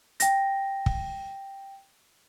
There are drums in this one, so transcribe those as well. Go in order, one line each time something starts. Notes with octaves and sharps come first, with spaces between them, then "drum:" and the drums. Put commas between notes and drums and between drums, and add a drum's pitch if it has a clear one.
G5 A#6, drum: hi-hat
drum: kick